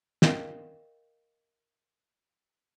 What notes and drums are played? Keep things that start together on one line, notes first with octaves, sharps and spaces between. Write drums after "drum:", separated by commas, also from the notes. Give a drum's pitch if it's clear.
A#4 D#5 F5 G5, drum: snare